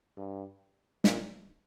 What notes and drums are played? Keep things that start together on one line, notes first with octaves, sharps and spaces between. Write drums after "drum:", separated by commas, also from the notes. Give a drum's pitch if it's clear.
G2
A#2, drum: snare